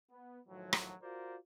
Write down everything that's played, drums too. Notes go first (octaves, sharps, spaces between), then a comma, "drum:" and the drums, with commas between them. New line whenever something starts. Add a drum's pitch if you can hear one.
B3
A2 D#3 F3 F#3
drum: rim click
F4 F#4 A#4 C5 D5